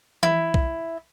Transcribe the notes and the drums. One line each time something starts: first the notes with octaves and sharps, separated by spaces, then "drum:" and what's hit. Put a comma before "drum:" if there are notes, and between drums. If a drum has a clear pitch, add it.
E4, drum: tom E3
drum: kick B1